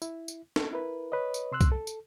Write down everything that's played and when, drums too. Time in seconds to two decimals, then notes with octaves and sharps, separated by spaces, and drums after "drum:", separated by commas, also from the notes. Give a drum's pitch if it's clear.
0.02 E4, drum: tambourine
0.28 drum: tambourine
0.56 A4, drum: snare
0.73 E4 A#4 B4
1.12 B4 C#5 D#5
1.34 drum: tambourine
1.52 C3 C6 E6 F#6
1.61 drum: kick C2, tambourine
1.72 A4
1.87 drum: tambourine